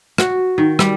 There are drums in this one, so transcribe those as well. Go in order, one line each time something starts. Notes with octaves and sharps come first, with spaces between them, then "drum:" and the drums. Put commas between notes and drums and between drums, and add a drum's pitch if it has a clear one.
F#4, drum: rim click
D#3
G3, drum: rim click